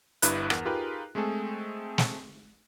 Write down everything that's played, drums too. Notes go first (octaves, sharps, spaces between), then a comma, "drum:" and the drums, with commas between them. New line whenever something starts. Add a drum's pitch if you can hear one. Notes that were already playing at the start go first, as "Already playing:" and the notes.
G1 G2 E4 B4 B5 F#6, drum: hi-hat
E2 A#4 F#5, drum: rim click
D#4 F4 G4 G#4 A#4 B4
G#3 A3 C4 G#4 A4
drum: snare